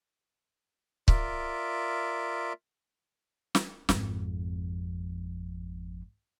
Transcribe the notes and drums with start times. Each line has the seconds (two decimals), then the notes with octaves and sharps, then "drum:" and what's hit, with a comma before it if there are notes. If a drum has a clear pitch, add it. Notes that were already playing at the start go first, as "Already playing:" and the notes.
1.08 F4 A#4 D5 E5, drum: kick C#1
3.55 drum: snare
3.89 G#1 F2, drum: snare